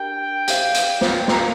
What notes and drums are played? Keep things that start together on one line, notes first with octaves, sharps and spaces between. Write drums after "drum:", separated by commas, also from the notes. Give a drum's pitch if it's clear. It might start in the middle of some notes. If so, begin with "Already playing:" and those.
Already playing: D4 G4 A#4 G5
G4 C5 F5, drum: hi-hat
drum: hi-hat
drum: snare
A#4 F5 A#5, drum: snare